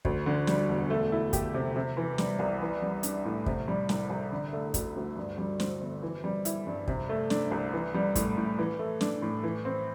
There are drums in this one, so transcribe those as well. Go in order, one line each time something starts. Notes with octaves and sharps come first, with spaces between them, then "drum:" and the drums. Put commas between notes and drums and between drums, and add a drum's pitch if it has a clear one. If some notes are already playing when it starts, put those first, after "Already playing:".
D2, drum: kick
D3
G3, drum: snare
E1
A3
E4
G4, drum: kick, hi-hat
C3
C3
E3
G3, drum: snare
C2
E3
G3
D4, drum: hi-hat
A2
C3, drum: kick
G3
C2, drum: snare
C2
D3
A3
D2, drum: kick, hi-hat
D2
G2
G3
C4, drum: snare
G1
E3
G3
E4, drum: hi-hat
G2
C3, drum: kick
A3
D4, drum: snare
C2
E3
G3
A2, drum: kick, hi-hat
A2
E3
A3
D4, drum: snare
A2
E3
C4